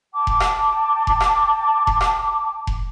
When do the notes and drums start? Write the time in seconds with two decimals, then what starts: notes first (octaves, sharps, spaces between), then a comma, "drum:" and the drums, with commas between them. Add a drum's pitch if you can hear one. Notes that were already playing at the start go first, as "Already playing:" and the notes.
0.14 G5 A5 D6
0.27 drum: kick F1
0.40 drum: rim click
1.07 drum: kick F1
1.20 drum: rim click
1.87 drum: kick F1
2.01 drum: rim click
2.67 drum: kick F1